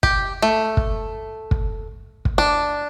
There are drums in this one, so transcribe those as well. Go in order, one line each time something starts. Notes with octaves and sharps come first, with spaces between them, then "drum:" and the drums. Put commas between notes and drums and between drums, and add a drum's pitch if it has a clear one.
G4, drum: kick
A3
drum: kick
drum: kick
drum: kick
D4